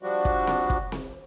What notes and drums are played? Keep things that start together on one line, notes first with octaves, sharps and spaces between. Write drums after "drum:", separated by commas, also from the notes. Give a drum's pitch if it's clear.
F3 G3 D4 F#4
drum: kick
drum: snare C4
drum: kick
drum: snare C4